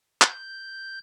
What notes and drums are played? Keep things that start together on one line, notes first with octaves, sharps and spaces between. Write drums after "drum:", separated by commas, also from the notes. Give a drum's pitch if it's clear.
G6, drum: clap